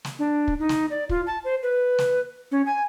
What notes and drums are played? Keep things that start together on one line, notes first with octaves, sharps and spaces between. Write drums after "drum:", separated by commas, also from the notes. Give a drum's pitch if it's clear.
drum: snare
D4
drum: kick
D#4
drum: snare
D5
F4, drum: kick
A5
C5
B4
drum: snare
C#4
G#5